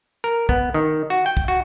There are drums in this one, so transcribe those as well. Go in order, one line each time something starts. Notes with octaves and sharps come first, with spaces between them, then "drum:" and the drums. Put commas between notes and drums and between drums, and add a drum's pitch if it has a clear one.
A#4
B3, drum: kick
D#3
F#4
G5
drum: kick
F#4